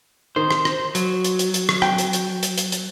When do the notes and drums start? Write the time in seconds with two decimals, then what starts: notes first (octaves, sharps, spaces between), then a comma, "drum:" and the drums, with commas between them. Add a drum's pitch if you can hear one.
0.36 D#3 C5
0.51 drum: rim click
0.65 drum: rim click
0.95 F#3, drum: hi-hat
1.24 drum: hi-hat
1.39 drum: hi-hat
1.54 drum: hi-hat
1.69 drum: rim click
1.82 G5, drum: rim click
1.98 drum: hi-hat
2.13 drum: hi-hat
2.43 drum: hi-hat
2.58 drum: hi-hat
2.72 drum: hi-hat